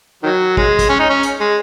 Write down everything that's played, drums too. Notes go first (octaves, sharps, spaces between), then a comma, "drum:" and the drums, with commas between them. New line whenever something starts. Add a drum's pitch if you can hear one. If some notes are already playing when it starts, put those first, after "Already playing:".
D#3 F#3
G#3, drum: kick
drum: kick, hi-hat
C#4
D#4
C#4
drum: hi-hat
G#3